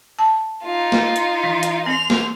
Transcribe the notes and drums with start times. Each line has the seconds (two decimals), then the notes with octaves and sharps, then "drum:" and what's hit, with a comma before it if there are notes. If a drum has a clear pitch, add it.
0.19 A5
0.64 D#4 F4
0.92 drum: snare
1.16 drum: hi-hat
1.44 E3
1.63 drum: hi-hat
1.86 C4 C6 F7
2.10 drum: snare